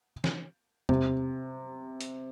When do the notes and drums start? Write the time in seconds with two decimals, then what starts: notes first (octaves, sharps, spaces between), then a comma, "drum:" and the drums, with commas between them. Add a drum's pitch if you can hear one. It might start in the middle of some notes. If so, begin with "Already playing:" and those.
0.24 drum: snare
0.89 C3, drum: tom
2.01 drum: hi-hat